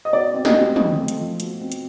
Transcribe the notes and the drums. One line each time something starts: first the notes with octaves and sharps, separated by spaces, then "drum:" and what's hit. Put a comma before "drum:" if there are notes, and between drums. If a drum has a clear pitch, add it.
D#5
B2 D5
C4
D#5, drum: snare
G3
C4 D#5, drum: tom
A3
drum: hi-hat
F3
B2, drum: hi-hat
C4
drum: hi-hat